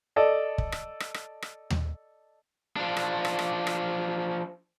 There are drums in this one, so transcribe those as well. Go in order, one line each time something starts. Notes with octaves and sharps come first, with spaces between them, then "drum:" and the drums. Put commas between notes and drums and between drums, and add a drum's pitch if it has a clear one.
A4 D5 D#5 A5
drum: kick
drum: rim click
drum: rim click
drum: rim click
drum: rim click
drum: tom D#2
F3 D4
drum: rim click
drum: rim click
drum: rim click
drum: rim click